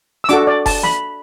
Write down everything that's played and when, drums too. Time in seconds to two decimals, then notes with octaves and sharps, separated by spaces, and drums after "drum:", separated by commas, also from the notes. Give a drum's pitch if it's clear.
0.24 E6
0.29 D4 F#4 A4 D6, drum: hi-hat
0.47 D5
0.66 A5, drum: kick F1, open hi-hat
0.83 B5, drum: snare